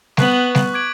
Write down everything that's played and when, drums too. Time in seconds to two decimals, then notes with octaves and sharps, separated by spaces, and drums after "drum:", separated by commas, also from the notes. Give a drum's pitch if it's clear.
0.17 B3 C#6 F#6 B6 F#7, drum: snare G3
0.55 drum: snare G3
0.73 D6 G#6 D7 F#7